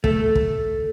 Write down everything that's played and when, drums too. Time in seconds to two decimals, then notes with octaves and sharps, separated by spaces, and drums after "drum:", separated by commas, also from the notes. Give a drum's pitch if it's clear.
0.04 A3, drum: kick
0.35 drum: kick